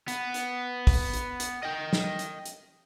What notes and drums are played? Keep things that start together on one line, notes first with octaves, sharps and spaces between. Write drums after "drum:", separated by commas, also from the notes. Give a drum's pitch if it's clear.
B3, drum: hi-hat
drum: hi-hat
drum: kick, open hi-hat
drum: hi-hat
drum: hi-hat
D#5 G5
drum: snare
drum: hi-hat
drum: hi-hat